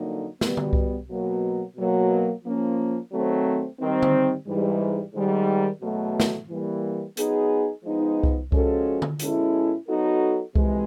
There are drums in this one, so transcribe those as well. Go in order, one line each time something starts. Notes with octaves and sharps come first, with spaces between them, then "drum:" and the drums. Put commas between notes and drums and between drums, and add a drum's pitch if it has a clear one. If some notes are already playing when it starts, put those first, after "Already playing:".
Already playing: F2 D3 F#3 A#3 D#4
B2 G3 B3, drum: snare
drum: tom D3
drum: kick C2
B2 F#3 A#3
B2 F#3 A#3
F3 A#3 C#4
D#3 F#3 A3 C4
D#3 G3 C4
drum: tom D3
G#2 E3 G3
G#2 D#3 G3
E2 B2 F#3 A3
drum: snare
E3 G3 A#3
F#3 B3 D#4 G#4, drum: hi-hat
F3 G#3 B3 D#4
drum: kick C2
F3 G#3 C#4 F#4 A4, drum: kick C2
drum: tom D3
B2 G#3 C#4 E4 A4, drum: hi-hat
F#3 B3 D#4 F#4 A4
F2 C3 E3 G#3, drum: kick C2